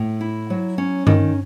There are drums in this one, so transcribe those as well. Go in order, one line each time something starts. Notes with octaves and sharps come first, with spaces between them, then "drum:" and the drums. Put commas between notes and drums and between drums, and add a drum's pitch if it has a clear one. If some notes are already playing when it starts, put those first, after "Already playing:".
Already playing: A2
E4
F#3
C#4
D#3, drum: tom G2